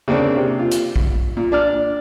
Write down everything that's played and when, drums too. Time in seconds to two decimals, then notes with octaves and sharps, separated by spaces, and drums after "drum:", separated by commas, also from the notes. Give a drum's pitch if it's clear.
0.08 C#3 A#3 C4 D4
0.36 C3
0.59 F4
0.71 drum: hi-hat
0.96 drum: kick A#1
1.37 A#2
1.52 D4 D5 F6